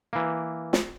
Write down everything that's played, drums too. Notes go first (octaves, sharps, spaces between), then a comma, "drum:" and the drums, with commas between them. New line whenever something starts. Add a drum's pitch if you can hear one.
E3 A#3
drum: snare